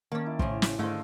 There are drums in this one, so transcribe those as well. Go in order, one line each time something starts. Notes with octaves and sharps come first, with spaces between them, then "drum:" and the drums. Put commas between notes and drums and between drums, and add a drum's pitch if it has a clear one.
D#3 A#3 C#4 D5 A5
E4
A2 C#3 C5, drum: kick
drum: snare
G#2 D3 D#3 A3 C#4 C5 F5